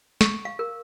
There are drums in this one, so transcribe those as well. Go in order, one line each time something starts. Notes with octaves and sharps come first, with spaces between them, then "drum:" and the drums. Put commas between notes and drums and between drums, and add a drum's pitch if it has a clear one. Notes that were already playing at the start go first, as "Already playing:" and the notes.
C#6, drum: snare
F5
A#4